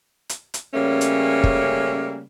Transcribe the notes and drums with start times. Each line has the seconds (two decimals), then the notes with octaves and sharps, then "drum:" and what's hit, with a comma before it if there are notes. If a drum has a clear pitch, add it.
0.29 drum: hi-hat
0.54 drum: hi-hat
0.74 C#3 G3 A3 A#3 C#4
1.01 drum: hi-hat
1.44 drum: kick